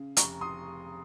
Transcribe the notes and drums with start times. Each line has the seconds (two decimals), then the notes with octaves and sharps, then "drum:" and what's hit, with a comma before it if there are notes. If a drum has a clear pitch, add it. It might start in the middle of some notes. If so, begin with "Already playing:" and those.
Already playing: C#3
0.17 F1 A#5 C#6, drum: hi-hat
0.41 C6 D#6